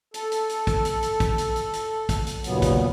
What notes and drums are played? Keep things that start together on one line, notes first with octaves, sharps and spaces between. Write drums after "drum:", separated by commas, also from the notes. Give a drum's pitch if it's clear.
A4, drum: hi-hat
drum: hi-hat
drum: hi-hat
drum: kick, hi-hat
drum: hi-hat
drum: hi-hat
drum: kick, hi-hat
drum: hi-hat
drum: hi-hat
drum: hi-hat
drum: kick, hi-hat
drum: hi-hat
D#2 A#2 C#3 F#3 B3, drum: hi-hat
drum: kick, hi-hat